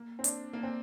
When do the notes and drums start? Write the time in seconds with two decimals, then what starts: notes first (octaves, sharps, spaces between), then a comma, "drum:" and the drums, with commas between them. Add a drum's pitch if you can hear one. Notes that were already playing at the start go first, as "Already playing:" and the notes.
Already playing: A#3
0.19 C4
0.24 D4, drum: hi-hat
0.53 A#3
0.63 C4